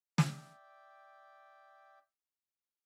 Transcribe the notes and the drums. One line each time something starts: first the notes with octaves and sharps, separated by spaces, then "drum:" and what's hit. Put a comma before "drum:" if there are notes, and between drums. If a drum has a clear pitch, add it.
D5 E5 G5, drum: snare